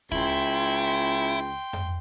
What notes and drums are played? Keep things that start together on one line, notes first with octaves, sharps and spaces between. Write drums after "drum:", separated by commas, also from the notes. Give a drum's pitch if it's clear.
C#2 E4 G5 C6, drum: kick D2
drum: open hi-hat
drum: tom F2